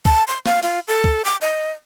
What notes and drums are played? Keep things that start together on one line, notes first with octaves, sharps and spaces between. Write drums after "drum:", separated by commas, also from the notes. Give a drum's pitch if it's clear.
A5, drum: kick
C6
F5, drum: snare
F4, drum: open hi-hat
A4
drum: kick
D6
D#5